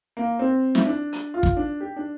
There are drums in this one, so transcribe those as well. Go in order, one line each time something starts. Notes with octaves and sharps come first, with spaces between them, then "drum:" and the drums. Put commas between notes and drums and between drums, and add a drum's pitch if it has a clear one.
A#3
C4
E4, drum: snare
D4
drum: hi-hat
F4
drum: kick
D4
G4
D4